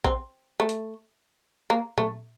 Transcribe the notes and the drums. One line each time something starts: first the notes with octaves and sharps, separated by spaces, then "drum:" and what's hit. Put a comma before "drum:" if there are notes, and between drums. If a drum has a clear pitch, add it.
C4, drum: kick
A3
drum: hi-hat
A#3
A3, drum: tom A#2